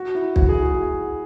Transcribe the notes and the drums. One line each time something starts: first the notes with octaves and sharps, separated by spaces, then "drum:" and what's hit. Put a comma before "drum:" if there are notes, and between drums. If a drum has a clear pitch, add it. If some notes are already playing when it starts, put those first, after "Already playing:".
Already playing: F#4
E4
F#4, drum: kick
G#4
F#4